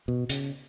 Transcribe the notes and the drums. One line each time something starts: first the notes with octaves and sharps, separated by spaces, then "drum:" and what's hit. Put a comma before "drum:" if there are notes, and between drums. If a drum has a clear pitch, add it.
B2
C#3, drum: hi-hat